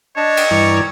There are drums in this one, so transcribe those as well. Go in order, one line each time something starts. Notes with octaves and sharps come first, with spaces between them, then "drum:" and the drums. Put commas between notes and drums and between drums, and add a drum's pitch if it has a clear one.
D4 C#5 D#5 A5
drum: cymbal
G2 E3 D5 A#5 C#6